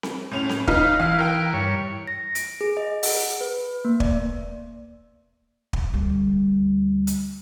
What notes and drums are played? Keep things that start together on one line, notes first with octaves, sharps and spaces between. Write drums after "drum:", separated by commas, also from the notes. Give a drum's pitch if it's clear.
drum: snare C4
A2 C#4 F7
drum: snare C4
D#4 B4 F5, drum: kick
E3 F5
A#4 G5
G2 C#5
A#6
D7, drum: hi-hat
G#4
D#5
F#5, drum: open hi-hat
B4
A#3
D5, drum: kick
drum: kick
D2 G3
drum: hi-hat